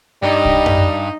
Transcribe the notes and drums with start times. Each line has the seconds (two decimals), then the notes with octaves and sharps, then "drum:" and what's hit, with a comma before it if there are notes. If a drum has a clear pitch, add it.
0.23 G2 G3 D#4 D#5
0.45 drum: kick
0.66 drum: tom F#2